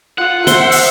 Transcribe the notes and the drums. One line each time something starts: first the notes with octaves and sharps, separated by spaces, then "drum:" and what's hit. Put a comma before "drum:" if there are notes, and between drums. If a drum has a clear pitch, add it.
F4 F#5
C5 E5, drum: hi-hat
drum: open hi-hat